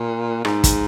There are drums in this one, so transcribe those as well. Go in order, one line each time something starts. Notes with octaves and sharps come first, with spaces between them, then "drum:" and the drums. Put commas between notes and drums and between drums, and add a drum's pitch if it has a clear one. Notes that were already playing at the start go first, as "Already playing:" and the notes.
Already playing: A#2
G#2, drum: rim click
drum: kick, hi-hat